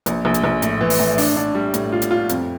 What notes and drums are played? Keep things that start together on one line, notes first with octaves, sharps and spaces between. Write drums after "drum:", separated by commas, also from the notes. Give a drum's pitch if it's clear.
A#1, drum: hi-hat
A#1
drum: hi-hat
A#1
A2, drum: hi-hat
E3
drum: open hi-hat
A2
D4, drum: open hi-hat
D4
G3
A2, drum: hi-hat
F4
drum: hi-hat
F4
F2, drum: hi-hat